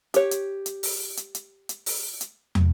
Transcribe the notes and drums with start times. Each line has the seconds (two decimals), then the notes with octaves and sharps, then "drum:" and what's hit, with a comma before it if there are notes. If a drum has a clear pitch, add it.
0.14 G4 C#5, drum: hi-hat
0.31 drum: hi-hat
0.66 drum: hi-hat
0.83 drum: open hi-hat
1.17 drum: hi-hat
1.35 drum: hi-hat
1.69 drum: hi-hat
1.86 drum: open hi-hat
2.21 drum: hi-hat
2.55 drum: tom